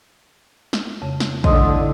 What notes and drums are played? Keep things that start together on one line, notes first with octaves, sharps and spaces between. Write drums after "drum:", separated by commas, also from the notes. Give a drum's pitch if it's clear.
drum: snare
F2 C#3
drum: snare
A2 D3 D#5 C6 D#6, drum: kick